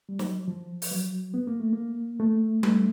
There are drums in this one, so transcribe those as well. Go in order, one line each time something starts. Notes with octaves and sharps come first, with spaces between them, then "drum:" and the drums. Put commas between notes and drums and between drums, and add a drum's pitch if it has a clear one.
G3
F#3, drum: snare
F3
drum: open hi-hat
F#3
B3
A#3
A3
A#3
A3
A3, drum: tom G3